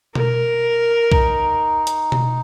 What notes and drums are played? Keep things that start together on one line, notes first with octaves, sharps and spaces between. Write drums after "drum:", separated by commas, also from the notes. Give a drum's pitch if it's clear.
A#4, drum: tom B2
D#4, drum: kick B1
drum: hi-hat
drum: tom B2